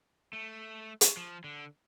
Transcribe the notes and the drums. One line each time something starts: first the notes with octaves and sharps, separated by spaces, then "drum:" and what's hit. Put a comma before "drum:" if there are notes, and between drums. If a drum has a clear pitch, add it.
A3
drum: hi-hat
F3
D3